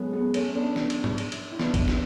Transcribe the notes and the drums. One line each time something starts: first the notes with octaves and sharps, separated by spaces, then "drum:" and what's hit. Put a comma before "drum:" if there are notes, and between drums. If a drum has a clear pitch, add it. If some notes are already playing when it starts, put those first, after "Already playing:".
Already playing: F#3 G#3 A3 B3
G#3 B3
A3 C#4, drum: cymbal
B3 D4
drum: snare
drum: cymbal
drum: tom G#2
drum: cymbal
drum: cymbal
E4
B3 D4, drum: snare
drum: kick, cymbal
drum: snare